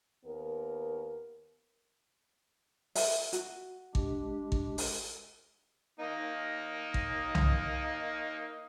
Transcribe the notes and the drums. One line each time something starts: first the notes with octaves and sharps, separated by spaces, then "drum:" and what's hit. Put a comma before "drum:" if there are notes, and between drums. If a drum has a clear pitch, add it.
D#2 B3 A#4
E5, drum: open hi-hat
F#4, drum: hi-hat
G#3 D4 G4, drum: kick G#1
drum: kick G#1
drum: open hi-hat
A#3 D#4 D#5
drum: kick G#1
drum: tom C2